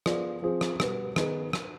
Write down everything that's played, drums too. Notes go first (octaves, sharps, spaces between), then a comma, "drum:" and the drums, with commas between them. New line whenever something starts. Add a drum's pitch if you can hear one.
F3 B3 F4 G#4 D5, drum: rim click
F3 C4 F4 G#4
drum: rim click
B2 G3 B3, drum: rim click
D#3 B3 D#4 G#4 B4, drum: rim click
drum: rim click